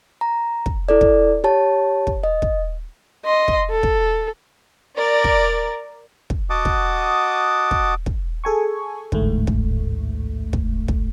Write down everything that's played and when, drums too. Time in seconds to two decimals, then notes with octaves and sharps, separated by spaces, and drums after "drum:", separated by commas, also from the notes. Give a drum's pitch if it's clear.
0.21 A#5
0.66 drum: kick
0.89 E4 A4 D5
1.01 drum: kick
1.44 G4 C#5 A5
2.07 drum: kick
2.23 D#5
2.42 drum: kick
3.25 D#5 C6
3.48 drum: kick
3.70 A4
3.83 drum: kick
4.97 A#4 D5
5.24 drum: kick
6.30 drum: kick
6.50 F#4 D#5 F#5 A5 D6 D#6
6.65 drum: kick
7.71 drum: kick
8.06 drum: kick
8.44 G#4 A4 G#5 C#6
9.12 A1 D2 G#2 A3, drum: kick
9.47 drum: kick
10.53 drum: kick
10.88 drum: kick